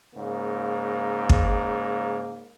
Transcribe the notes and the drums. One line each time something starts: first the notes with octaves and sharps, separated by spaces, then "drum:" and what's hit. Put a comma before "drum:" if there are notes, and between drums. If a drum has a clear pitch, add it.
G#2 C#3 A#3
drum: kick